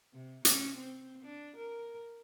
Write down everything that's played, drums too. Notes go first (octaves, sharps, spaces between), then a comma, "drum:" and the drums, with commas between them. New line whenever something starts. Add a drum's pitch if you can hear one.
C3
C#4, drum: hi-hat
C4
D4
A#4